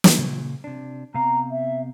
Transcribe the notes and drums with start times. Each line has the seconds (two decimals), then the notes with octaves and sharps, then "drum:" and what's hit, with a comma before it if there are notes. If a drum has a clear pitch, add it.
0.04 drum: snare
0.18 A#2 C#3
0.64 C3 D4
1.14 C3 B3 F5 A#5
1.51 E5